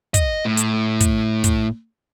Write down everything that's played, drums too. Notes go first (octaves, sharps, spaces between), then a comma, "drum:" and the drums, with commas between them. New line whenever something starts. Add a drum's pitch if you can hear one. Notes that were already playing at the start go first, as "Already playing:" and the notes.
D#5, drum: kick, hi-hat
A2
drum: hi-hat
drum: kick, hi-hat
drum: kick, hi-hat